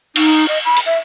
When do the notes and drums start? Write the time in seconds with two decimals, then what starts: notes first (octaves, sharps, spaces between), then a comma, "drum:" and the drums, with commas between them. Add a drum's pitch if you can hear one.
0.16 D#4, drum: cymbal
0.48 D#5
0.65 B5
0.77 drum: open hi-hat
0.86 E5